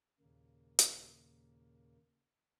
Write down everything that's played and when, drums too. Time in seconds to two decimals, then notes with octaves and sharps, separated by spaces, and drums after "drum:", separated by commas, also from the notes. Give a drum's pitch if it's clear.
0.20 D#2 A#2 C#3 A#3
0.79 drum: hi-hat